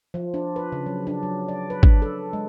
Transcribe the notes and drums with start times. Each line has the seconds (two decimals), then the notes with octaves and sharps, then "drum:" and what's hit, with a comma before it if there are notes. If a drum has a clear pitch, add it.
0.14 F3
0.34 D4
0.56 B4
0.72 C#3
0.86 F#3
1.07 D4
1.23 F#3
1.48 D5
1.70 B4
1.83 D4, drum: kick
2.02 A4
2.33 G#3